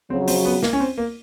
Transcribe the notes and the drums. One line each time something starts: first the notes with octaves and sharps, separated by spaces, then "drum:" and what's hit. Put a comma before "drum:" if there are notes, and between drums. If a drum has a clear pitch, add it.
F2 C#3 F#3 C4
C4, drum: open hi-hat
B3
A#3, drum: snare
C#4
C4
A#3